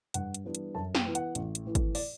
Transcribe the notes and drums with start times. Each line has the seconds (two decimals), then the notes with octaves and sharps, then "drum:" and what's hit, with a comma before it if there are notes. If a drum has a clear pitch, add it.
0.14 G2 F#5, drum: hi-hat
0.34 drum: hi-hat
0.44 E3 G3 B3 D4
0.55 drum: hi-hat
0.75 F#2 A5
0.95 G5, drum: snare
1.05 E3 B3 E4
1.15 F#5, drum: hi-hat
1.35 A1, drum: hi-hat
1.55 drum: hi-hat
1.66 A2 E3
1.75 drum: kick, hi-hat
1.95 D5, drum: open hi-hat